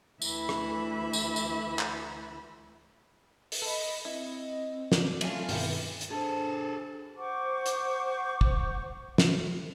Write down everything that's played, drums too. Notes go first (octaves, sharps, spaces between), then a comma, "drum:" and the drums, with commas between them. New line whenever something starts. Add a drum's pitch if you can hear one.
D2 E3 E5 B5, drum: tambourine
drum: rim click
drum: tambourine
drum: tambourine
drum: clap
drum: open hi-hat
A4 D#5 B5
C4 E4 D#5
D5, drum: snare
F#3 A3 C#4 F4, drum: cymbal
G2 B2 D#3 E4 G4 A4, drum: open hi-hat
drum: hi-hat
D4 G#4 A4 C5
C5 F#5 C#6 D6
drum: hi-hat
drum: kick
drum: snare